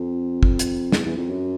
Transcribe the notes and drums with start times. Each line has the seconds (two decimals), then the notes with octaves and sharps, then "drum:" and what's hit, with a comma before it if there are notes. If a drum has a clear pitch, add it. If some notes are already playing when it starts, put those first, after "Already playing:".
Already playing: F2
0.43 drum: kick
0.59 drum: hi-hat
0.92 E2, drum: snare
1.05 E2
1.17 F2
1.30 F#2